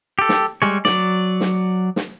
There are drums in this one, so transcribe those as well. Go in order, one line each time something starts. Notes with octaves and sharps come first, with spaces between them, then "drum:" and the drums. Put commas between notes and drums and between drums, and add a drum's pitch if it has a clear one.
G4 A4
drum: snare
G3 G#3 C#5
F#3 D5, drum: snare
drum: snare
drum: snare